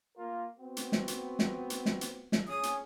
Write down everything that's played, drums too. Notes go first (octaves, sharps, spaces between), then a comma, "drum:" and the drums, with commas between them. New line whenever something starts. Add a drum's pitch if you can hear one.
A#3 F4 A#4
B3 C4 F#4
drum: hi-hat
drum: snare
drum: hi-hat
drum: snare
drum: hi-hat
drum: snare
drum: hi-hat
drum: snare
C#4 G#4 D#6
drum: hi-hat